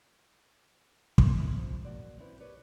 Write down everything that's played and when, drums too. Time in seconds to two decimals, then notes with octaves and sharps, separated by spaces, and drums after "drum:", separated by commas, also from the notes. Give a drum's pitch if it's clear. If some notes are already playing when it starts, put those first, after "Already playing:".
1.18 A3 A#3 C#4 F4 B4, drum: kick
1.36 E2 G3 G#3 E4 C#5 E5
1.55 D3 F3 G#3 C4
1.85 A#3 F#4 D5
2.17 C4 C#4 E4 B4
2.40 G4 A#4 B4 C#5 D5